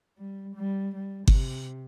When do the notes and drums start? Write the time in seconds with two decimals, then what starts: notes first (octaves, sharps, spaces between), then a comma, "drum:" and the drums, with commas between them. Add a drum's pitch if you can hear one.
0.17 G3
0.55 G3
0.96 G3
1.28 C3, drum: kick G1